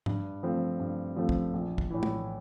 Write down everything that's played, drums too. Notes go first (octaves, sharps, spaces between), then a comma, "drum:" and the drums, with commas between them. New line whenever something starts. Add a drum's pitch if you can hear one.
G2, drum: tom G#2
F3 A3 C4
G2
F3 A3 C4
drum: kick
A#1
drum: kick
A2 E3
drum: tom